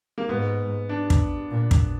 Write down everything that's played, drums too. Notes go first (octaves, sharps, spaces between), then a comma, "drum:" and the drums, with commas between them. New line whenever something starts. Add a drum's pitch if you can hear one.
A#3
G#2 B3
D4
drum: kick
A#2
drum: kick